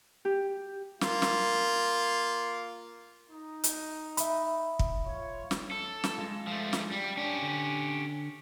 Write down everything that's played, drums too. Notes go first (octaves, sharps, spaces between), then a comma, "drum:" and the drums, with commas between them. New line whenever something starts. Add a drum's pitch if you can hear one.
G4
A#3 F4, drum: snare
drum: snare
D#4
drum: hi-hat
E5 B5, drum: hi-hat
drum: kick
F4 C#5
drum: snare
A4
drum: snare
G#3 F4
F3 A3
drum: snare
G3
C#4 D4 G4
D3